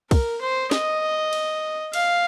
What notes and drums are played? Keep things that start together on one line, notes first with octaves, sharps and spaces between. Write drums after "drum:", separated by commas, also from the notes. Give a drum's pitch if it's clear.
A#4, drum: kick, cymbal
C5
D#5, drum: snare
drum: cymbal
F5, drum: cymbal